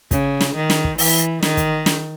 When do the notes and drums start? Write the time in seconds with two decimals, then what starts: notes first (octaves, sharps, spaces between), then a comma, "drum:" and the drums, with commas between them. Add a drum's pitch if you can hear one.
0.11 C#3, drum: kick, hi-hat
0.41 drum: snare
0.55 D#3
0.70 drum: snare
0.84 drum: kick
0.98 E3, drum: open hi-hat
1.43 D#3, drum: snare
1.57 drum: kick, hi-hat
1.86 drum: snare